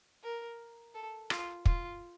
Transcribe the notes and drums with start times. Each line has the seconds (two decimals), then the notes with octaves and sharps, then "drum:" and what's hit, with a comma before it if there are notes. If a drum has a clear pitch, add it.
0.23 A#4
0.94 A4
1.30 F4, drum: rim click
1.66 F4, drum: kick